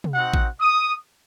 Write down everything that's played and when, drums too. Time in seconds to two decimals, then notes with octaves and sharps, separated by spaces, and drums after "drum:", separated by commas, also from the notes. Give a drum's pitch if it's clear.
0.04 drum: tom
0.14 C4 D#4 F#4 F#5
0.34 drum: kick A1
0.61 D#6